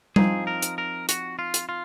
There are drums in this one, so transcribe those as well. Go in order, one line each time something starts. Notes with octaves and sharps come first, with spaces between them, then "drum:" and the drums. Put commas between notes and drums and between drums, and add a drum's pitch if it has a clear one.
F3 C4 D#4 G#4, drum: tom G3
A#4
drum: hi-hat
A#4
F#4, drum: hi-hat
F4
drum: hi-hat
F4